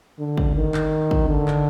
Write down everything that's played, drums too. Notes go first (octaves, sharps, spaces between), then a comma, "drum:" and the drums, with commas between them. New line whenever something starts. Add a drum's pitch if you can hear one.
D3
drum: kick
D#3
drum: clap
drum: kick
D3
drum: clap